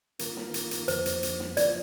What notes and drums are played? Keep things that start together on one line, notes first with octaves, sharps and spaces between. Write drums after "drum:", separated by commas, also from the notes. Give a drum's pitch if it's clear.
D#3 A#3 F4 A#4, drum: hi-hat
drum: snare
drum: hi-hat
drum: hi-hat
F2 D3 F3 A#3 C5, drum: hi-hat
drum: hi-hat
drum: hi-hat
drum: snare
D3 F3 A#3 F4 D5, drum: hi-hat